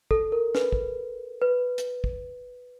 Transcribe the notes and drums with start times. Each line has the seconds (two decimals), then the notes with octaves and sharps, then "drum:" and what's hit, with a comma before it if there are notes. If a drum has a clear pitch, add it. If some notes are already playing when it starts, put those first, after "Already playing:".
0.11 A4, drum: kick
0.32 A#4
0.55 B4, drum: snare
0.72 drum: kick
1.42 B4
1.78 drum: hi-hat
2.04 drum: kick